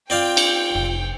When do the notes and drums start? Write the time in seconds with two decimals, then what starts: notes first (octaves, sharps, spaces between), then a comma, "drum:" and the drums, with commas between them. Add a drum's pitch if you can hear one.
0.10 C4 F4 D5 F5 G5
0.37 drum: cymbal
0.71 F1 F#2